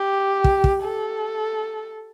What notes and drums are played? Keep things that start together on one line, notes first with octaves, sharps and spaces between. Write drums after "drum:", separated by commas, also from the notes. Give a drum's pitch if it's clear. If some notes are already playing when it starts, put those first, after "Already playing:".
Already playing: G4
drum: kick
drum: kick
A4